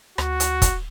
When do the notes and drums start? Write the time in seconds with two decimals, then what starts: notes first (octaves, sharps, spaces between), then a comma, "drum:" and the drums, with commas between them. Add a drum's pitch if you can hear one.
0.18 D2 F#4, drum: rim click
0.40 drum: hi-hat
0.62 drum: kick, hi-hat